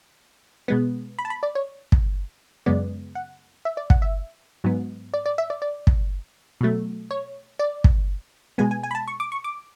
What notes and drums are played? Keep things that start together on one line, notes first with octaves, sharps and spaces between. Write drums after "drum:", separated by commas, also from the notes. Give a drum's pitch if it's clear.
B2 G#3 B3
B5
A5
B5
D5
C#5
drum: kick
F#2 C#3 G#3 B3 D5
F#5
E5
D5
F#5, drum: kick
E5
G#2 F#3 B3
D5
D5
E5
D5
D5
drum: kick
B2 F#3 A3
C#5
D5
drum: kick
B2 G#3 B3 G#5
G#5
G#5
B5
A5
C#6
D6
C#6
D6